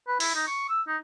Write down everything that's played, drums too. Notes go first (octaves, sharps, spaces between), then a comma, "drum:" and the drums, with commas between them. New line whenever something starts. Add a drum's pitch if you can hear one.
B4
E4, drum: open hi-hat
D#4
C#6
E6
D#4